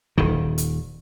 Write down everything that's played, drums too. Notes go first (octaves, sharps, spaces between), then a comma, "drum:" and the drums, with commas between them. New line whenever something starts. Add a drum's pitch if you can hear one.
D#1 D#3, drum: kick
drum: hi-hat